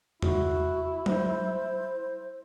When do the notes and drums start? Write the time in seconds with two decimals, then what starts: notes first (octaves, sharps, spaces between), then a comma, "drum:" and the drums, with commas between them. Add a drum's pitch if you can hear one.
0.22 E4 F#4, drum: tom E2
1.06 C5, drum: tom F#3